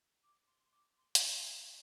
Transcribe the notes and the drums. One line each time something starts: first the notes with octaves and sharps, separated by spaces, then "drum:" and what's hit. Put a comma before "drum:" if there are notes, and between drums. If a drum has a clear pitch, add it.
D6
C6
C6
D6
C6
D6, drum: hi-hat
D#6
D#6